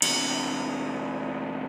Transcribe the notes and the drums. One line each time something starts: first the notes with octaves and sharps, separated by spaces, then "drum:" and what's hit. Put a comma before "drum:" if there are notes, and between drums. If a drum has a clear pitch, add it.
E2 C3, drum: cymbal